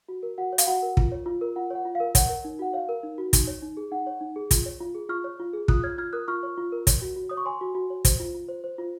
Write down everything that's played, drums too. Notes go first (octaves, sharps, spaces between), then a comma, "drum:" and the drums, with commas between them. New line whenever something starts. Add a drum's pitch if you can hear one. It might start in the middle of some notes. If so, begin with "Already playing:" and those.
F#4
A#4
F#4 F#5
C#5
F5, drum: hi-hat
F#4 F#5
A#4
F4, drum: kick
C#5
F4
A#4
F4 F#5
C#5 F#5
F4
F5
A#4
C#5 F#5, drum: kick, hi-hat
A#4
D#4
F#4 F#5
C#5 F5
A#4
D#4
F#4
D#4, drum: kick, hi-hat
C#5
D#4
G#4
D#4 F#5
C#5
D#4
G#4
F4, drum: kick, hi-hat
C#5
F4
G#4
F4 C#6 F6
C#5
F4
G#4
F4 D#6 F#6, drum: kick
C#5 F6 G#6
F4 F6 G#6
A#4 D#6 F#6
F4 C#6 F6
C#5
F4
A#4
C#5, drum: kick, hi-hat
F#4
F#4
C#5 D#6
C#6
C#5 G#5 C6
F#4
F#4
C#5
C5, drum: kick, hi-hat
F4
F4
C5
C5
F4